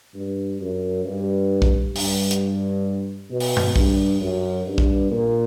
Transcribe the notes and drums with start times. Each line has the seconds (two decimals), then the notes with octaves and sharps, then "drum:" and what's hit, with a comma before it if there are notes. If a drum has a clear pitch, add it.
0.14 G2
0.60 F#2
1.05 G2
1.62 drum: kick A#1
1.96 G2, drum: open hi-hat
2.31 drum: hi-hat
3.31 B2
3.40 drum: open hi-hat
3.57 drum: tom G2
3.76 G2, drum: kick A#1
4.21 F#2
4.66 G2
4.78 drum: kick A#1
5.11 A#2